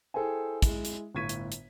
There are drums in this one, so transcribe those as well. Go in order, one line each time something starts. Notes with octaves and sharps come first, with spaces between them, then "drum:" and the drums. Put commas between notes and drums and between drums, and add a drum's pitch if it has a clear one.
E4 G#4 A4 C5 G5 G#5
G#3 E4, drum: kick, hi-hat
drum: hi-hat
G1 A2 C#6 G#6 B6 D#7
drum: hi-hat
drum: hi-hat